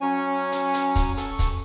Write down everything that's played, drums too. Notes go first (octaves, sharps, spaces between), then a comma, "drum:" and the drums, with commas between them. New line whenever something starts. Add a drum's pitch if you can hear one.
F#3 C#4 C#5 G#5
drum: hi-hat
drum: hi-hat
drum: kick, hi-hat
A4 C#6, drum: hi-hat
drum: kick, hi-hat